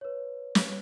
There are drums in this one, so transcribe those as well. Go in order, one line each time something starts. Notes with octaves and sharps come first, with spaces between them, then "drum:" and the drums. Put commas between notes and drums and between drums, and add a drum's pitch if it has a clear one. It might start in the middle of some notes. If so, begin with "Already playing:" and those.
B4 C#5
drum: snare